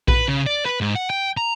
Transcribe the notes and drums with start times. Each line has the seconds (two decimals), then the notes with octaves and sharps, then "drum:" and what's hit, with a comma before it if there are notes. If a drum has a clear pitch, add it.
0.08 B4, drum: kick A#1
0.28 C#3
0.46 D5
0.66 B4
0.81 G#2
0.95 F#5
1.10 G5
1.37 A#5